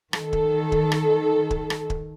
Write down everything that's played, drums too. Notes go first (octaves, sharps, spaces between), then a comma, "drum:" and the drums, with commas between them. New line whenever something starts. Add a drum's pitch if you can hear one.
D#3 A4, drum: rim click
drum: kick
drum: kick
drum: rim click
drum: kick
drum: rim click
drum: kick